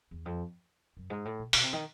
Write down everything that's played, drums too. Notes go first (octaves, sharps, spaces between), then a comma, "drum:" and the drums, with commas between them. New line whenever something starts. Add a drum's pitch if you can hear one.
E2
F2
F#2
G#2
A2
A#2
B2, drum: open hi-hat
C3
D#3